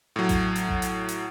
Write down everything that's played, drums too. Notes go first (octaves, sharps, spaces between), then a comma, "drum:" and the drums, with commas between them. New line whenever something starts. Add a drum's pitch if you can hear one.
A2 F#3
drum: kick A1, hi-hat
drum: hi-hat
drum: kick A1
drum: hi-hat
drum: hi-hat